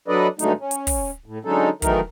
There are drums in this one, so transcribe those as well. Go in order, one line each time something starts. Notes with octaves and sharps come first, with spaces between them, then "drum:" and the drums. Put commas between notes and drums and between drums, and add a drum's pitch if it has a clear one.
F#3 D4 A4 B4 D5 D#5
G2 D3 F#3 G#3 A3 D#4, drum: hi-hat
C#4
drum: hi-hat
drum: kick, open hi-hat
A2
D3 F#3 G#3 C#4 D#4 A4
D#3 E3 F#3 A3 D#4 A#4, drum: kick, hi-hat